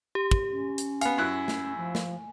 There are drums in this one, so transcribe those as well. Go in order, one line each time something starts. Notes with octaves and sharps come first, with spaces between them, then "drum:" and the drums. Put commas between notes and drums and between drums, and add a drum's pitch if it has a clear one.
G4
drum: kick
C#4
drum: hi-hat
B3 F5 G#5, drum: hi-hat
F#2 E4 F#6
drum: snare
F3
drum: snare